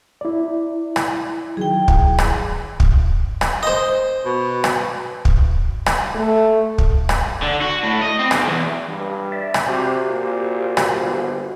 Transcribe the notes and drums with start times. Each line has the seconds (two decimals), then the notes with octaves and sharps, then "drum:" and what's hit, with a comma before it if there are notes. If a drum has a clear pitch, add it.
0.21 E4 D5
0.96 drum: rim click
1.57 D#3 F#3 G#4 G5
1.88 drum: kick
2.19 drum: rim click
2.80 drum: kick
3.41 drum: rim click
3.63 C5 D#5
4.25 B2
4.64 drum: rim click
5.25 drum: kick
5.86 drum: rim click
6.15 A3
6.78 drum: kick
7.09 drum: rim click
7.42 D3
7.61 F#4
7.83 A2
8.01 D#5
8.19 C4
8.31 B1, drum: rim click
8.48 E2
8.88 G2
9.32 D5 E5
9.54 drum: rim click
9.68 C3 F#4 G4 C5
10.07 A#2
10.77 drum: rim click
10.99 G1